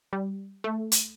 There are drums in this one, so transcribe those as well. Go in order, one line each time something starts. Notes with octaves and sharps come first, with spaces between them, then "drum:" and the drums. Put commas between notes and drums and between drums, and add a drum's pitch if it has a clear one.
G3
A3
drum: hi-hat